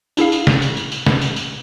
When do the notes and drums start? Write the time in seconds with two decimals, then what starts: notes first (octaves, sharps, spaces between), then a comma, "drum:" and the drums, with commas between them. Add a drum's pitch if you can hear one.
0.17 D4 E4 G#4 F5, drum: tambourine
0.32 drum: tambourine
0.47 drum: snare
0.62 drum: tambourine
0.77 drum: tambourine
0.92 drum: tambourine
1.07 drum: snare
1.21 drum: tambourine
1.36 drum: tambourine